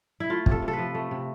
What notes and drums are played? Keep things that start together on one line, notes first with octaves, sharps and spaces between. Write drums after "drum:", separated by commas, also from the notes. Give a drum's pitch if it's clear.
E4
A3 F4
C3, drum: kick
A4
C3
A4
B4
F3
A3
C3